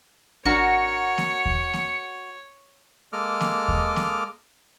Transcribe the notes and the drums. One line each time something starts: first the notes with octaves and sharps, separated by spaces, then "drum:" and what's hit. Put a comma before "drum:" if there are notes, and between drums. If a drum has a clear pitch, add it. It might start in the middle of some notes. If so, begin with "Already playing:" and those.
G#1 D4 F#4 A#4 C#5 C#7
drum: snare A#3
drum: kick D#2
drum: snare A#3
G#3 A#3 A4 D#5 D6 F6
drum: snare A#3
drum: kick D#2
drum: snare A#3